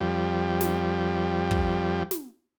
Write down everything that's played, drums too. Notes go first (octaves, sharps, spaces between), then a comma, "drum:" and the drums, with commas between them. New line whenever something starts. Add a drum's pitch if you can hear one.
F2 G3
drum: snare
drum: kick
drum: snare